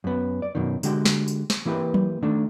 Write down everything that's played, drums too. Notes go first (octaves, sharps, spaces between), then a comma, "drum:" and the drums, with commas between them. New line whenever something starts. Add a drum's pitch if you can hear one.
F#2 B3
D5
F#2 B2 D#3
D3 G#3 F#4 G4, drum: tambourine
drum: snare
drum: tambourine
drum: snare
E3 A#3 E4 G4 B4
drum: tom F#3
D#3 A3 D4